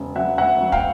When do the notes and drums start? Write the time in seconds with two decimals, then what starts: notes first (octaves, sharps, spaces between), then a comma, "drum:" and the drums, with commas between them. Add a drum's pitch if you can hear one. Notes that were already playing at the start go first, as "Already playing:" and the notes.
Already playing: E1 C#3
0.16 F#3 E5 F#5
0.38 D2 E5 F#5
0.61 F#3
0.72 F5 G5, drum: kick